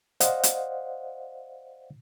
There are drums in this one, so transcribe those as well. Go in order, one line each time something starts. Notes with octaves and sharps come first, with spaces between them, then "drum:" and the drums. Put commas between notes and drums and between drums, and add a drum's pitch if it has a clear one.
C5 D5 D#5 F5 F#5, drum: hi-hat
drum: hi-hat